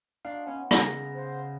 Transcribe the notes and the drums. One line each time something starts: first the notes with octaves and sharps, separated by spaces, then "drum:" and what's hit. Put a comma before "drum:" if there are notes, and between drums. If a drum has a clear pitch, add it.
D4 D#4 F4 F#4 F5
B3 C#4
C#3 A#6, drum: rim click
C5 F#5